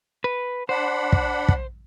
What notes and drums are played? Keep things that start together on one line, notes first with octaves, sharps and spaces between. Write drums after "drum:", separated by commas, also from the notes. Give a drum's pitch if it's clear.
B4
D4 C5 F#5 B5
drum: kick
drum: kick